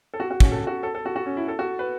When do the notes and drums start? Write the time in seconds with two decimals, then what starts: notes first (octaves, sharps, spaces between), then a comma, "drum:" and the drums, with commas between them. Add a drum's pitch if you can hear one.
0.14 A4
0.20 F#4
0.31 F#4
0.40 C#4, drum: kick
0.52 A4
0.67 F#4
0.83 A4
0.95 A4
1.06 F#4
1.16 F#4
1.26 C#4
1.37 E4
1.48 A4
1.59 F#4
1.79 B4